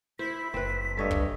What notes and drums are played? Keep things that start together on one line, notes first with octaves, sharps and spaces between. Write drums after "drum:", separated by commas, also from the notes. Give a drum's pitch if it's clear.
E4 C5 B6
F#1 C4 B4
G2 A4 C#5 D#5
drum: kick